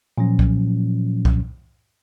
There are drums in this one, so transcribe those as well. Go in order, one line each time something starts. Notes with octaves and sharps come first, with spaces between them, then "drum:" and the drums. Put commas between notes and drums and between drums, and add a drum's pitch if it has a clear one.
A#2 F3 F#3 C#4
drum: kick B1
drum: kick B1